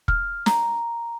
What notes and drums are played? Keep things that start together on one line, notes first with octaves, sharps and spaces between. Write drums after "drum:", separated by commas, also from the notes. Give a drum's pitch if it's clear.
F6, drum: kick
A#5, drum: snare